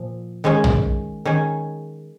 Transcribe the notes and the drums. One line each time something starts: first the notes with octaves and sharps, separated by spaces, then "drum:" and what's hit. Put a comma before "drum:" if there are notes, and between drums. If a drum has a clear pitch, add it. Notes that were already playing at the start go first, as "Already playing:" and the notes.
Already playing: A#2 F3
D#3 G#3 C#4 G#4
drum: tom
D#3 C#4 G#4